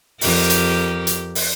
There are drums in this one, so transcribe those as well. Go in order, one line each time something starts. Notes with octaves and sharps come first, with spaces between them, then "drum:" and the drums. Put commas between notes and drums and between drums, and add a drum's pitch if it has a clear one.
F2 G4 A#4, drum: open hi-hat
drum: hi-hat
drum: hi-hat
drum: open hi-hat